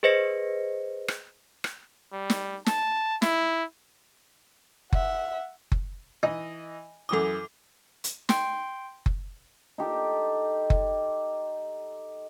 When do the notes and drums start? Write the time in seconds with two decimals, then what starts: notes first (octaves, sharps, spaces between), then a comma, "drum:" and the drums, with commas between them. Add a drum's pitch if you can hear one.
0.03 G#4 B4 C5 D#5 A#6 C#7
1.08 drum: rim click
1.64 drum: rim click
2.12 G3
2.30 drum: snare
2.66 A5, drum: snare
3.22 E4, drum: snare
4.93 E5 F#5, drum: kick F#1
5.72 drum: kick F#1
6.23 E3 D#4 D#5
7.09 F#2 E3 A4 D6 D#6
8.04 drum: hi-hat
8.29 G5 C6, drum: snare
9.06 drum: kick F#1
9.78 D#4 G4 A4
10.70 drum: kick F#1